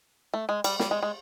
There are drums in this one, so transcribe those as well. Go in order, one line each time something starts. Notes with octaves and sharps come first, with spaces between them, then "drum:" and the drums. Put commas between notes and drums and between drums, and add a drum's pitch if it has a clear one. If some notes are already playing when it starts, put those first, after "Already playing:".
A3
G#3
G3, drum: cymbal
G3, drum: snare
G#3
G#3